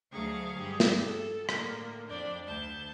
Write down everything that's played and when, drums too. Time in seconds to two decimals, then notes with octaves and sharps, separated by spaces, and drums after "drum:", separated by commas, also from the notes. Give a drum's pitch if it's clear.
0.12 D2 F#3 A3 G#4 F5 C#6
0.57 G2 G4 G#4
0.80 drum: snare
1.02 A4
1.49 A2 D3 A#3, drum: rim click
2.08 F2 D4 D5 G6
2.45 D2 A5 G6